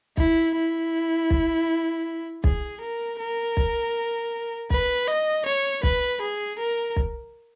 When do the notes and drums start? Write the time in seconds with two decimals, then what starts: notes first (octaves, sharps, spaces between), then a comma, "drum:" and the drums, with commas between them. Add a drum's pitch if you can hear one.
0.17 E4, drum: kick
0.55 E4
1.30 drum: kick
2.44 G#4, drum: kick
2.81 A#4
3.19 A#4
3.57 drum: kick
4.70 B4, drum: kick
5.07 D#5
5.45 C#5
5.83 B4, drum: kick
6.21 G#4
6.59 A#4
6.96 drum: kick